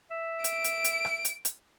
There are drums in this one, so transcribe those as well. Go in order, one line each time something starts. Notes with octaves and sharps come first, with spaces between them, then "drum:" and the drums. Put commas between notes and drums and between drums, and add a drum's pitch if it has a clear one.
E5
D7, drum: hi-hat
drum: hi-hat
drum: hi-hat
drum: rim click
drum: hi-hat
drum: hi-hat